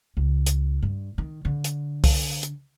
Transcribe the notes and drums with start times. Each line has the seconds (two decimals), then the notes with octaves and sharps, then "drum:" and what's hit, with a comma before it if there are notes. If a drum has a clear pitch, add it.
0.17 C#2
0.46 drum: hi-hat
0.82 G2
1.18 D#3
1.45 D3
1.64 drum: hi-hat
2.04 drum: kick C2, open hi-hat
2.43 drum: hi-hat